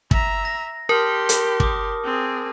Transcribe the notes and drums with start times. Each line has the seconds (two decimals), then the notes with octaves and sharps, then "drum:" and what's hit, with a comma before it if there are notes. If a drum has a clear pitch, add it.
0.11 E5 A#5, drum: kick
0.45 A#6
0.89 G4 A#4 A5 C6 F6
1.29 drum: hi-hat
1.60 D6 D#6, drum: kick
2.05 C4 G#4